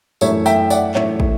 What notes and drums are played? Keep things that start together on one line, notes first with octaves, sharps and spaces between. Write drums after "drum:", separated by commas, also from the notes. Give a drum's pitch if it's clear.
F#2 E3 A3 D4 C#5 E5, drum: tambourine
E5 G5, drum: tambourine
D5 F#5, drum: tambourine
F#2 E3 A3 D4 C#5 E5, drum: clap
drum: kick